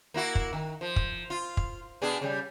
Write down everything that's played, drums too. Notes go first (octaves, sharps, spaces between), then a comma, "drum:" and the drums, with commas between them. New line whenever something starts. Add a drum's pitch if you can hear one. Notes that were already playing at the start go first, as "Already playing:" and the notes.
A#3 E4 F#4
drum: kick
D#3
F3
drum: kick
F4
drum: kick
B2 D4 G#4
C#3 G3